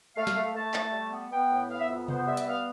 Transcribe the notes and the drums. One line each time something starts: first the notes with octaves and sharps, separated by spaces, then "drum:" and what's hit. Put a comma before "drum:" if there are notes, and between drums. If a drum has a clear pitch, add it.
A3 F5
drum: snare
A3
A3 A5
A3, drum: clap
G3
B3
B3 G5
A2
B3 F5
E5
F2
B3 C5, drum: tom C3
C5
G3 E5
E5, drum: hi-hat
B3 F5